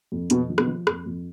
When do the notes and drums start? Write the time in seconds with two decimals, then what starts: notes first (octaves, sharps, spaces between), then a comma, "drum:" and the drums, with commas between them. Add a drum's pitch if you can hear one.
0.12 F2
0.30 F2 B2 B3, drum: hi-hat
0.50 F3
0.58 B2 B3, drum: rim click
0.67 F3
0.87 F2, drum: rim click
1.06 F2